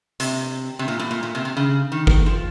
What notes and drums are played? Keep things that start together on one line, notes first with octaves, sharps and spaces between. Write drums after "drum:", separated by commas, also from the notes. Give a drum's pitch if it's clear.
C3, drum: hi-hat
C3
A#2
A2
A#2
A#2
C3
C3
C#3
D#3
drum: kick F#1
F3